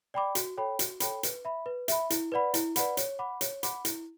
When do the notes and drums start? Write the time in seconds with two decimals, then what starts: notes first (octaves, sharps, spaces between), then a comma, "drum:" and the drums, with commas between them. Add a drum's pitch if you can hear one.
0.14 D5 G5 B5 D6
0.35 F#4, drum: hi-hat
0.57 A4 C#5 G5 B5
0.79 F#4, drum: hi-hat
1.00 A4 C#5 G5 B5, drum: hi-hat
1.23 B4, drum: hi-hat
1.45 E5 B5
1.66 B4
1.88 E5 B5, drum: hi-hat
2.10 E4, drum: hi-hat
2.32 B4 D5 F#5 B5
2.54 E4, drum: hi-hat
2.76 B4 D5 F#5 B5, drum: hi-hat
2.97 C#5, drum: hi-hat
3.19 F#5 B5 D6
3.41 C#5, drum: hi-hat
3.63 F#5 B5 D6, drum: hi-hat
3.85 E4, drum: hi-hat